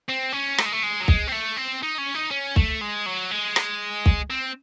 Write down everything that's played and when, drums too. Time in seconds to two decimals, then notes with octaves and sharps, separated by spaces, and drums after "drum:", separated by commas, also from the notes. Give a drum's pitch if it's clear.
0.09 C4
0.33 C#4
0.58 A3, drum: rim click
0.66 G#3
0.73 A3
0.83 G#3
1.01 F#3
1.08 G#3, drum: kick
1.27 C4
1.32 A3
1.57 C4
1.83 D#4
1.98 C#4
2.15 D#4
2.31 C#4
2.56 A3, drum: kick
2.81 G#3
3.06 F#3
3.31 G#3
3.56 drum: rim click
4.06 drum: kick
4.31 C4